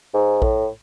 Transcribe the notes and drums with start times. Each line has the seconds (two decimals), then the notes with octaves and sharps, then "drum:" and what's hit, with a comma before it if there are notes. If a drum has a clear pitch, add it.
0.14 G#2
0.42 A2, drum: kick A#1